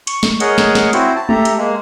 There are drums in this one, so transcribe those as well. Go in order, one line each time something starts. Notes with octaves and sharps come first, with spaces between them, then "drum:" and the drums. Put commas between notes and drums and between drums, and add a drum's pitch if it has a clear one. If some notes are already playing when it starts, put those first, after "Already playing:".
C#6, drum: hi-hat
drum: snare
G#4 A#4 C#5 D#5 F#5, drum: hi-hat
drum: snare
drum: snare
C4 E4 F#4 C5, drum: hi-hat
A5
G4 A4 E5 A#5, drum: tom G#3
drum: hi-hat
G#3 A#3